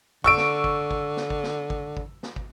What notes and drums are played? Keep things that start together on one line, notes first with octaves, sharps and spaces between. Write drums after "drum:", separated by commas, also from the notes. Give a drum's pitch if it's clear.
D3 C#6 E6 D7, drum: kick
drum: snare
drum: kick
drum: kick
drum: snare
drum: kick
drum: snare
drum: kick
drum: kick
drum: snare
drum: kick